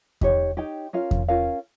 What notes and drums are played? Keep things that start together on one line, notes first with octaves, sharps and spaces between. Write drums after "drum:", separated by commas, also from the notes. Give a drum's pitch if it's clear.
D#4 G4 C#5 G5, drum: kick E2
D#4 G4 C#5 G5
C#4 F4 A#4 F5
drum: kick E2
C#4 F4 A#4 F5